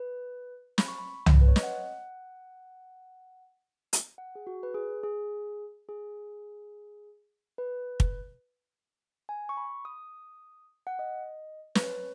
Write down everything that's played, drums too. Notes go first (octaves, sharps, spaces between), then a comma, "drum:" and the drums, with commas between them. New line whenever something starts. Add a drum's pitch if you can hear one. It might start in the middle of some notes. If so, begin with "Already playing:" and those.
Already playing: B4
B5, drum: snare
C#6
B5
drum: tom
B4
C#5
D#5, drum: snare
F#5
drum: hi-hat
F#5
G#4
F#4
B4
G#4
G#4
G#4
B4
drum: kick
G#5
C#6
B5
D#6
F#5
D#5
B4, drum: snare
C#5